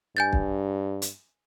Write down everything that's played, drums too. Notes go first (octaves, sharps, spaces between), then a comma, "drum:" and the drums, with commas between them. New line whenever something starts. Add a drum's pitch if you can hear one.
G2 G#5 G6 A6
drum: kick
drum: hi-hat